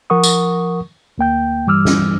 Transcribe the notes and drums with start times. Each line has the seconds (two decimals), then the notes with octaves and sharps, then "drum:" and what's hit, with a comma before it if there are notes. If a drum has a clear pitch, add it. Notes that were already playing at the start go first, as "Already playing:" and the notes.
0.10 F3 A#4 F#5 C#6 D#6
0.23 drum: tambourine
1.18 D2 A#3 G5 G6
1.67 G2 E3 G3 D6 E6 F6
1.85 drum: snare